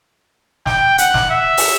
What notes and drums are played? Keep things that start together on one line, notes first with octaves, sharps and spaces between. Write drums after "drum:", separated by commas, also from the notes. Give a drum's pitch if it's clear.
G5, drum: snare
F#5, drum: hi-hat
drum: snare
E5
drum: open hi-hat